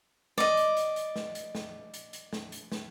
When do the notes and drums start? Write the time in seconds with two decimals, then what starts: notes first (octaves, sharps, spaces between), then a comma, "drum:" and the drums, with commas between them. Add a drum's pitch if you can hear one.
0.38 D5 D#5, drum: snare
0.57 drum: hi-hat
0.77 drum: hi-hat
0.96 drum: hi-hat
1.16 drum: snare
1.35 drum: hi-hat
1.55 drum: snare
1.94 drum: hi-hat
2.13 drum: hi-hat
2.33 drum: snare
2.52 drum: hi-hat
2.72 drum: snare